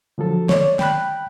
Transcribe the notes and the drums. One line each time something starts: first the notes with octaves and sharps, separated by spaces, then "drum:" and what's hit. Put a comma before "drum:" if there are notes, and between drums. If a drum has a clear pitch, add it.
D3 F3 F#3 A4
C#5 D5, drum: snare
G5 B5 F#6, drum: snare